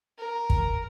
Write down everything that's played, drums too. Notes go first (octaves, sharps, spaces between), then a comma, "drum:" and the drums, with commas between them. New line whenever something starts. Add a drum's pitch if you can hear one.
A#4
drum: kick